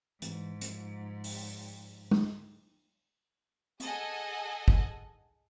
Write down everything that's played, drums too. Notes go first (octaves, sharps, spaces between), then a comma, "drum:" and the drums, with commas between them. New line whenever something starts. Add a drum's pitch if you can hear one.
G#2 E3, drum: hi-hat
F3, drum: hi-hat
drum: open hi-hat
drum: tom
G#4 A4 D#5 F#5 G#5, drum: hi-hat
drum: kick